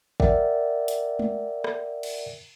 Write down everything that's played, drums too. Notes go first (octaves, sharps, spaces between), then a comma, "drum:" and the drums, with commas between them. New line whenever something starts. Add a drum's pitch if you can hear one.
A#4 D5 E5 F#5 G5, drum: kick G#1
drum: hi-hat
drum: tom G#3
drum: rim click
drum: cymbal